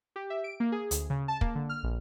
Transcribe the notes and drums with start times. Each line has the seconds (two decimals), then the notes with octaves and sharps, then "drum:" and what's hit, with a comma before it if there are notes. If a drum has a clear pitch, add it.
0.16 G4
0.30 E5
0.44 D7
0.60 A#3
0.72 G#4
0.91 D2, drum: hi-hat
1.10 C#3
1.28 A5
1.41 A#3, drum: kick
1.55 D3
1.69 F6
1.83 A#1